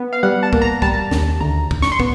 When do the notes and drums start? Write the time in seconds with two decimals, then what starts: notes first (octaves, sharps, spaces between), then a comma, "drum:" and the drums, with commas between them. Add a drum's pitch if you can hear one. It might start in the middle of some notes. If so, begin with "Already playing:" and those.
Already playing: B3
0.13 F5
0.23 G3 F#5
0.43 A5
0.53 A#3, drum: kick
0.62 A#5
0.82 G3 A5, drum: kick
1.11 D#2, drum: snare
1.41 D2 A#5
1.71 D2, drum: kick
1.82 C#6, drum: snare
1.92 C6
2.00 B3, drum: kick